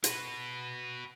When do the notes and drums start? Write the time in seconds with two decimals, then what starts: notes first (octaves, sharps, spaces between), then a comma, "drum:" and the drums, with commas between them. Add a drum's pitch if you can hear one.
0.04 F#4 B4, drum: hi-hat